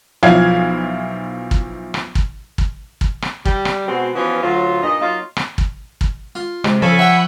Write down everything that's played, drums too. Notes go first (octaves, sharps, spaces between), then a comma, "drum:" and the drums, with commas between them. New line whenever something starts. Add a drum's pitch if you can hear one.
B1 F3 E4 F5 G#6, drum: rim click
drum: kick
drum: rim click
drum: kick
drum: kick
drum: kick
drum: rim click
G3, drum: kick
drum: rim click
B2 G#3 C4 F#4
E3 F3 B3 C#4 F4 F#4
D2 F#3 F4
G2 A#2 D#4 D#5
F#3 A#3 D#4 F4
drum: rim click
drum: kick
drum: kick
F4
C3 G#3, drum: rim click
C#3 F3 A4 G#5 B5 C#6
E5 F#5 G5